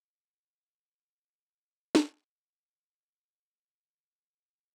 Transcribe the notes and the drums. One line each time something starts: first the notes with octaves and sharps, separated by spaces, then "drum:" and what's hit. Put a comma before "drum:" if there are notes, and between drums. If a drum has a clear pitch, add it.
E3 B4
drum: snare
G#3
B1
D#3
E3
A2
D#2